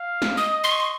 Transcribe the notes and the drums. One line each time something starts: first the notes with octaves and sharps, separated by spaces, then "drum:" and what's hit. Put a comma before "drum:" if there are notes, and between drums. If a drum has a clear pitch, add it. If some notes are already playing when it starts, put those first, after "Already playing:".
Already playing: F5
drum: snare
D#5 D#6
C6
C#6
C6